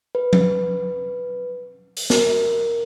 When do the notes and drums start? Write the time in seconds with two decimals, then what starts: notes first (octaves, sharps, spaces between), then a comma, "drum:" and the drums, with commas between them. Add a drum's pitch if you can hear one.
0.15 B4
0.33 drum: tom F3
1.97 drum: open hi-hat
2.10 A#4, drum: snare